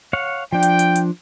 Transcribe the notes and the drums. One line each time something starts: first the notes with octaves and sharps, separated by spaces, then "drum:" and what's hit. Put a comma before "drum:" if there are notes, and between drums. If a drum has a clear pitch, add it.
C#5 F5 F#5
F3 D4 G5
drum: hi-hat
drum: hi-hat
drum: hi-hat